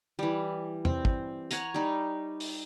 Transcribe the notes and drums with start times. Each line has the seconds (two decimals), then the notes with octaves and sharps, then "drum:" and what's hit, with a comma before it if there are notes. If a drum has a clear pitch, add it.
0.19 E3 G3
0.85 C4, drum: tom E2
1.05 drum: kick
1.51 C#5 F#5 G#5 A#5, drum: hi-hat
1.74 G3 D#4
2.40 drum: open hi-hat